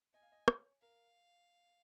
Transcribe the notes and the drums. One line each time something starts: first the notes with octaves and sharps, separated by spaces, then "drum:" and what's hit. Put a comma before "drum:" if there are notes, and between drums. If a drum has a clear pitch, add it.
D#5 G#5
F5
D#5
C#5, drum: rim click
A#4 F5